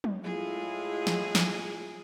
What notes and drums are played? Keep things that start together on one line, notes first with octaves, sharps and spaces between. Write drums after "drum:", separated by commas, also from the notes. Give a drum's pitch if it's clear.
drum: tom
A2 G#3 E4 F4 G#4
drum: snare
drum: snare